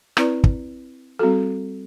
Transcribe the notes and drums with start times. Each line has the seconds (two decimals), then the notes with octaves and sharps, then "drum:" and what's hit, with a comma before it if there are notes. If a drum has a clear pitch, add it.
0.17 C4 E4 B4 D5, drum: rim click
0.44 drum: kick
1.19 G3 C4 F#4 A4